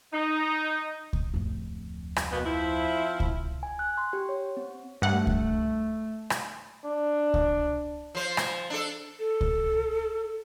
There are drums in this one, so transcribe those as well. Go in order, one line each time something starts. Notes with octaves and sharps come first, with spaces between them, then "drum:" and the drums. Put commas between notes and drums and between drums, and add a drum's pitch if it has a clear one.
D#4
drum: kick C#2
D1 F2
drum: rim click
B2 A#3 B3
F3 C4 E4
drum: kick C#2
G#5
F#6
C6
G4
C#5
C4
G2 A3 F#5
drum: kick C#2
drum: rim click
D4
drum: kick C#2
F3 C5
drum: rim click
D4 A4
A4
drum: kick C#2